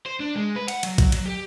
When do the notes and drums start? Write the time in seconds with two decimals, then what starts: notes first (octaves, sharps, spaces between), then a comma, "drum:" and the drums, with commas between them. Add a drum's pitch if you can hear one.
0.06 C5
0.20 D4
0.35 G#3
0.56 B4
0.68 F#5, drum: cymbal
0.83 F#3, drum: cymbal
0.98 drum: kick A#1, cymbal
1.12 F#3, drum: cymbal
1.25 G4